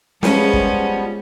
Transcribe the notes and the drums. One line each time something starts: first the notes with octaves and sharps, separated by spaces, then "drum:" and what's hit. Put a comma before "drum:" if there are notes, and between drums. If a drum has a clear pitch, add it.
F3 G3 G#3 B3 C#4, drum: snare
drum: kick